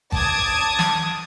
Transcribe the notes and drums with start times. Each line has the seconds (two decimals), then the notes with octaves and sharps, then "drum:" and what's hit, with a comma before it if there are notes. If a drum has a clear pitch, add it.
0.12 A5 D6 D#6 G#6, drum: kick G#1
0.79 drum: snare